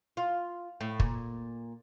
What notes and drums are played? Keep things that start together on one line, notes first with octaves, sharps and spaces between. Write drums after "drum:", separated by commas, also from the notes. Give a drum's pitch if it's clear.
F4
A2
A#2, drum: kick